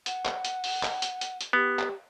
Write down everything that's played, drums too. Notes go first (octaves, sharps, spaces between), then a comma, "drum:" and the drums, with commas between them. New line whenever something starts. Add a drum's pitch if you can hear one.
F#5, drum: hi-hat
drum: clap
drum: hi-hat
drum: open hi-hat
drum: clap
drum: hi-hat
drum: hi-hat
drum: hi-hat
B3 G4
drum: clap